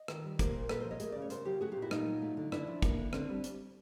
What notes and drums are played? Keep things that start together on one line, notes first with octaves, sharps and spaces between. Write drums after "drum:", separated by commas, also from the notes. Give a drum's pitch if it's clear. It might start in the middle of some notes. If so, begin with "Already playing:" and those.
Already playing: D#5
D#3, drum: rim click
G3
A#3 A#4 C5, drum: kick, hi-hat
A#2
A#2 A4 B4, drum: rim click
F3 A#4 C5
C#5 D#5
A3 G#4 A#4, drum: hi-hat
C#3 D5
C#5
C#3 A#4 C5, drum: hi-hat
F#3 F4 G4
A3 F#4 G#4
F4 G4
A#2
E4 F#4
A#2 D#4 F4, drum: rim click
F#3
A3
D3
D3 D4 E4, drum: rim click
F3
A#3, drum: kick, hi-hat
D3
D3 C4 D4, drum: rim click
G3
drum: hi-hat